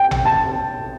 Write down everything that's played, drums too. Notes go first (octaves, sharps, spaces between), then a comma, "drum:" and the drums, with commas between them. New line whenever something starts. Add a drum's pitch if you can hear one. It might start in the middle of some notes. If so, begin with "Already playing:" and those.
Already playing: G5
drum: tom A1
A5